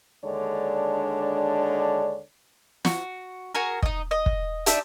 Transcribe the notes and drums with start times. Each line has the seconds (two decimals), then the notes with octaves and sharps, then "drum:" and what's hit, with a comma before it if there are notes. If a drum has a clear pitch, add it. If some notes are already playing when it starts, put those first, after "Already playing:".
0.24 D#2 D3 G#3 D4 C#5 D5
2.85 F#4, drum: snare
3.55 F#4 G#4 A#4
3.83 D#4 D#5, drum: kick
4.11 D#5
4.26 drum: kick
4.66 D4 D#4 D5 E5, drum: hi-hat